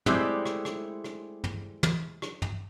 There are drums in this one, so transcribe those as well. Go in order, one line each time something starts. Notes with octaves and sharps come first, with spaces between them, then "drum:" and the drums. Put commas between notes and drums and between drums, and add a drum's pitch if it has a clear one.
G#3 A3 C4 E4 G4 D5, drum: tom
drum: rim click
drum: rim click
drum: rim click
drum: tom
drum: tom
drum: rim click
drum: tom